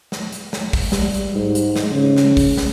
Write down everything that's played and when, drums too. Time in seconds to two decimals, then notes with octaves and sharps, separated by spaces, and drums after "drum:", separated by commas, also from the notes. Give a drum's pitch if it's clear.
0.12 drum: snare
0.32 drum: hi-hat
0.53 drum: snare
0.73 drum: kick, open hi-hat
0.92 G3, drum: snare
1.14 drum: hi-hat
1.35 G#2
1.55 drum: hi-hat
1.76 drum: snare
1.91 C#3
2.16 drum: snare
2.37 drum: kick, open hi-hat
2.57 drum: snare